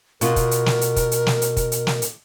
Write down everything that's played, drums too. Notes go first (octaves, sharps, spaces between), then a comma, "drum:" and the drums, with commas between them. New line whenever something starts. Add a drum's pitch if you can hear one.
B2 F4 A#4, drum: hi-hat
drum: kick, hi-hat
drum: hi-hat
drum: snare
drum: hi-hat
drum: kick, hi-hat
drum: hi-hat
drum: snare
drum: hi-hat
drum: kick, hi-hat
drum: hi-hat
drum: snare
drum: hi-hat